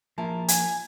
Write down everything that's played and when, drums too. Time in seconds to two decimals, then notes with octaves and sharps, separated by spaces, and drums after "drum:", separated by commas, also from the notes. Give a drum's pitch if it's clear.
0.18 F3 A#3 E4 A#4 A5
0.48 G#5, drum: hi-hat